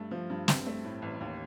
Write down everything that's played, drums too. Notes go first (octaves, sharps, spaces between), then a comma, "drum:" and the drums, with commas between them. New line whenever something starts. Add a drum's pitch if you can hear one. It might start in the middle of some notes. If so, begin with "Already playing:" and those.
Already playing: G2 A3
F3
G2
C4, drum: snare
A3
A2
A1
D#2